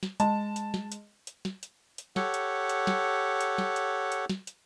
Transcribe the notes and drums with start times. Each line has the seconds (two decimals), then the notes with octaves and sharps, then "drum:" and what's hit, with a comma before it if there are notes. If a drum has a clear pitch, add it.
0.03 drum: snare
0.20 G#3 A5, drum: hi-hat
0.56 drum: hi-hat
0.74 drum: snare
0.92 drum: hi-hat
1.27 drum: hi-hat
1.45 drum: snare
1.63 drum: hi-hat
1.98 drum: hi-hat
2.16 G4 A4 C#5 F#5, drum: snare
2.34 drum: hi-hat
2.69 drum: hi-hat
2.87 drum: snare
3.41 drum: hi-hat
3.58 drum: snare
3.76 drum: hi-hat
4.12 drum: hi-hat
4.30 drum: snare
4.47 drum: hi-hat